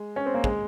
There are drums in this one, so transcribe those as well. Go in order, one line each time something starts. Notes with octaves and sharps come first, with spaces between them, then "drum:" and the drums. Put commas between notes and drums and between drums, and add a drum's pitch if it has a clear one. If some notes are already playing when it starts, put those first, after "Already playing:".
Already playing: G#3
C#4
C4
A#3
G#3, drum: kick